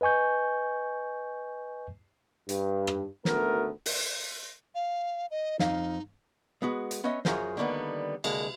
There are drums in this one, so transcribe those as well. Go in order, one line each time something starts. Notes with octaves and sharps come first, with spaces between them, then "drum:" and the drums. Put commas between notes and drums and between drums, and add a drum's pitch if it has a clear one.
B4 D#5 G#5 C#6 G6
G2, drum: hi-hat
drum: rim click
G#1 D2 A3 B3 A#4, drum: snare
drum: open hi-hat
F5
D#5
F2 D#4 F5, drum: snare
G#3 B3 F#4
drum: hi-hat
B3 C#4 C#5 D#5 E5
F#2 F4 F#4 G#4 A#4 C5, drum: snare
D3 D#3 G3 A#3 B3
C2 D3 G#3 A#3, drum: cymbal